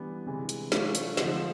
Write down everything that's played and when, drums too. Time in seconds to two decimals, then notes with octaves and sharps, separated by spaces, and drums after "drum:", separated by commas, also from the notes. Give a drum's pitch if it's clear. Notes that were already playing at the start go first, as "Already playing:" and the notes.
Already playing: E3 G3 B3 D4
0.26 C3 E3 G#3
0.49 drum: hi-hat
0.72 F#3 A3 D4 F4, drum: snare
0.95 drum: hi-hat
1.17 D3 F3 G#3 C4 D#4, drum: snare